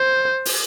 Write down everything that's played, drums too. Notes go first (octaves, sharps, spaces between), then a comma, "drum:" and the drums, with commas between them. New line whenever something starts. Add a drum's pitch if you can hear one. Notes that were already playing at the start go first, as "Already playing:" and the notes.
Already playing: C5
drum: open hi-hat